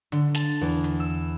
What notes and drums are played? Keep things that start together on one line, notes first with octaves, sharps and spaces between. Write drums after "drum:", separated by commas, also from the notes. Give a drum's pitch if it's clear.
D3, drum: hi-hat
A5, drum: snare
E2
drum: hi-hat
E6